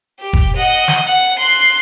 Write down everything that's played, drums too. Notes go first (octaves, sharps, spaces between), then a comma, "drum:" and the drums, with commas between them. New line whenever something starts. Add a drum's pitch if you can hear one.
G4
drum: kick
D#5 F#5
drum: snare
F#5
C6 F#6